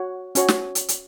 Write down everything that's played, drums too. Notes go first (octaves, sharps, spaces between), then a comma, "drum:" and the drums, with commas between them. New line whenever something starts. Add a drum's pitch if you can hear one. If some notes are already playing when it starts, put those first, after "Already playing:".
Already playing: F#4 C#5 F#5
C#4 F#4 C#5, drum: hi-hat
drum: snare
drum: hi-hat
drum: hi-hat